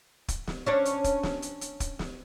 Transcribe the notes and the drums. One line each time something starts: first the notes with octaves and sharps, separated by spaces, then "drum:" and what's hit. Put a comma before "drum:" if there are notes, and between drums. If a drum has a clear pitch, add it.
drum: kick, hi-hat
drum: snare
C#4 D4 C#5
drum: hi-hat
drum: kick, hi-hat
drum: snare
drum: hi-hat
drum: hi-hat
drum: kick, hi-hat
drum: snare